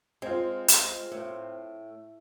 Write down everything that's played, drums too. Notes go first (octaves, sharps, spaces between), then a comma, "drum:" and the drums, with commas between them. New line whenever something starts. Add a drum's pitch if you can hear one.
G#3 C4 F4
drum: hi-hat
A2